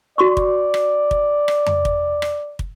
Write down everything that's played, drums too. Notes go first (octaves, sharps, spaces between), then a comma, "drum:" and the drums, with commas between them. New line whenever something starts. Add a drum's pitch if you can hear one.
F#4 D5 C6 C#6
drum: kick
drum: rim click
drum: kick
drum: rim click
drum: tom F2
drum: kick
drum: rim click
drum: kick